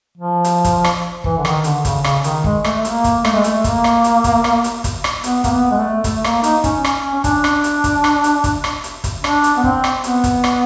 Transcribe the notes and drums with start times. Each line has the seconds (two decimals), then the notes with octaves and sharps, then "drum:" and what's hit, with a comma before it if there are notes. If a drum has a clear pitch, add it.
0.18 F3
0.44 drum: hi-hat
0.64 drum: kick, hi-hat
0.84 drum: rim click
1.24 E3, drum: kick
1.38 D3
1.45 D#3, drum: rim click
1.64 D3, drum: hi-hat
1.85 C#3, drum: kick, hi-hat
2.04 C#3, drum: rim click
2.24 D#3, drum: hi-hat
2.44 G#3, drum: kick
2.64 A3, drum: rim click
2.85 A#3, drum: hi-hat
3.04 drum: kick, hi-hat
3.25 A3, drum: rim click
3.34 G#3
3.44 A3, drum: hi-hat
3.64 A#3, drum: kick, hi-hat
3.84 drum: rim click
4.04 drum: hi-hat
4.24 drum: kick, hi-hat
4.44 drum: rim click
4.64 drum: hi-hat
4.84 drum: kick, hi-hat
5.04 drum: rim click
5.24 B3, drum: hi-hat
5.44 A#3, drum: kick, hi-hat
5.51 B3
5.71 G#3
5.77 A3
6.04 A3, drum: kick, hi-hat
6.24 A#3, drum: rim click
6.43 D#4, drum: hi-hat
6.64 C#4, drum: kick, hi-hat
6.84 C#4, drum: rim click
7.14 C#4
7.24 D4, drum: kick, hi-hat
7.44 drum: rim click
7.64 drum: hi-hat
7.84 drum: kick, hi-hat
8.04 drum: rim click
8.24 drum: hi-hat
8.44 drum: kick, hi-hat
8.64 drum: rim click
8.84 drum: hi-hat
9.04 drum: kick, hi-hat
9.24 D4, drum: rim click
9.44 drum: hi-hat
9.57 B3
9.64 C4, drum: kick
9.84 drum: rim click
10.04 B3, drum: hi-hat
10.24 drum: kick, hi-hat
10.44 drum: rim click